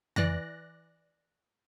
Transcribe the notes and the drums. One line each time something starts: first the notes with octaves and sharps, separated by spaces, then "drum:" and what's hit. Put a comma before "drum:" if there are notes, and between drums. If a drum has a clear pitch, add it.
E3 D5 F#6 A#6, drum: tom F2